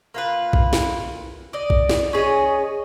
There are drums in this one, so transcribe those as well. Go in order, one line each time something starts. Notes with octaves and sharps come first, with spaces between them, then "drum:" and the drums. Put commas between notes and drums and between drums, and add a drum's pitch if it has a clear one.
A#3 F4 B4
drum: kick A#1
drum: snare
D5 D#5
drum: kick A#1
drum: snare
C#4 G#4 C#5 D#5